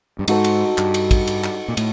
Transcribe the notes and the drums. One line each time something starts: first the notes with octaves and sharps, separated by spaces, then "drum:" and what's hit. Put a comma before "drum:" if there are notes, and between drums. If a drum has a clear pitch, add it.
G2
G#2 D#4 F#4 A4 C5, drum: cymbal
drum: cymbal
G2, drum: clap
drum: cymbal
drum: kick, cymbal
drum: cymbal
drum: clap
A#2
A2, drum: cymbal